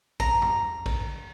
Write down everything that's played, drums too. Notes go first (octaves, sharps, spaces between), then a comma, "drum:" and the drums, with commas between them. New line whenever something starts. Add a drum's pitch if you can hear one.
A#5, drum: kick A1
drum: tom E2
drum: kick A1, cymbal